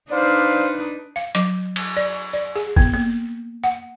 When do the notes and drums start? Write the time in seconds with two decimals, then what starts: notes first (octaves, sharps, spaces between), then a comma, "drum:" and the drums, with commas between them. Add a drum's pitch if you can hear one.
0.11 D4 D#4 B4 C5 D5 F5
1.16 F5
1.35 F#3, drum: hi-hat
1.76 drum: cymbal
1.97 D5
2.33 D5
2.56 G#4
2.76 B3, drum: kick
2.94 A#3
3.64 F#5